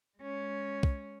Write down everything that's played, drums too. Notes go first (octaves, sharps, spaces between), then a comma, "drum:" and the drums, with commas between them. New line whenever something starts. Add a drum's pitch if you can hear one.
G#3 C#4
drum: kick